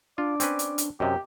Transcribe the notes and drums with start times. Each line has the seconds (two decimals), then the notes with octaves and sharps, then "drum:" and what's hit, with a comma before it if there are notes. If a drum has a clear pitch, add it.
0.18 D4 F4 D5
0.40 C4 C#4 B4, drum: hi-hat
0.59 drum: hi-hat
0.78 drum: hi-hat
1.00 F#2 C3 G4 D#5